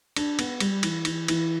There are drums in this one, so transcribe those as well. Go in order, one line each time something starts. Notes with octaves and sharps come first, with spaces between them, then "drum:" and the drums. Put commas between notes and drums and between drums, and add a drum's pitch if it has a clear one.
D4, drum: cymbal
B3, drum: cymbal
G3, drum: cymbal
E3, drum: cymbal
E3, drum: cymbal
E3, drum: cymbal